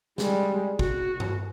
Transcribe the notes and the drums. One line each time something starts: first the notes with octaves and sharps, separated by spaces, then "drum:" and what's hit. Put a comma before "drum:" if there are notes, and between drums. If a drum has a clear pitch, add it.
G3 G#3, drum: snare
F#4, drum: kick
drum: tom G2